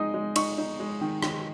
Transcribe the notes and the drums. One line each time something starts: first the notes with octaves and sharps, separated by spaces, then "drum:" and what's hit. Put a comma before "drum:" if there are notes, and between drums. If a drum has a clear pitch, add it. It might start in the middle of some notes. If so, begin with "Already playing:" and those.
Already playing: G#3 D#4 D#6
G#3
D#4 C#6, drum: cymbal
D#4
G#3
D#3
D#3, drum: rim click